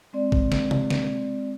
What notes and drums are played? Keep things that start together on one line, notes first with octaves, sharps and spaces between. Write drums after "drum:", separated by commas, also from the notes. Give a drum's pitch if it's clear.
G#3 C4 D5
drum: kick
drum: snare
drum: tom C3
drum: snare